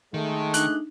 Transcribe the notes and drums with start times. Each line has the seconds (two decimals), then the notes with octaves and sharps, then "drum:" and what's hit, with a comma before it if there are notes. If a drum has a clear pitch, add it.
0.14 D#3 G#3 A3
0.54 D4 D#4 F#6, drum: hi-hat